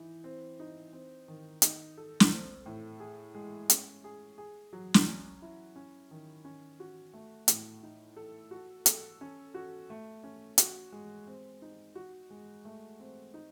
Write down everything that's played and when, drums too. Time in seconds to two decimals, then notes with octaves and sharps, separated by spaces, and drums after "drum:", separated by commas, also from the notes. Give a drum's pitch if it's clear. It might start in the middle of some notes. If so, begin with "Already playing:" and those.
Already playing: E3 D#4
0.24 C4
0.60 D#4
0.93 C4
1.28 D#3
1.62 D#4, drum: hi-hat
1.97 A4
2.20 drum: snare
2.32 C4
2.66 A2
3.00 G#4
3.35 G#3
3.70 C#4, drum: hi-hat
4.04 G#4
4.38 G#4
4.73 F#3
4.94 drum: snare
5.07 C#4
5.42 E4
5.76 C#4
6.11 D#3
6.45 C#4
6.80 F#4
7.13 A3
7.48 A2, drum: hi-hat
7.83 D#4
8.16 A4
8.51 F#4
8.86 A4, drum: hi-hat
9.21 C#4
9.54 F#4
9.90 A3
10.24 C#4
10.58 F#4, drum: hi-hat
10.92 G#3
11.27 C4
11.62 D#4
11.95 F#4
12.30 G#3
12.65 A3
13.00 C4
13.34 D#4